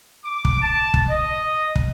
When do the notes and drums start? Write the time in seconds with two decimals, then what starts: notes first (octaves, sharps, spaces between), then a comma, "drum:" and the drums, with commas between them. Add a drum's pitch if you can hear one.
0.24 D6
0.45 drum: kick
0.61 A5
0.94 drum: kick
1.10 D#5
1.76 drum: kick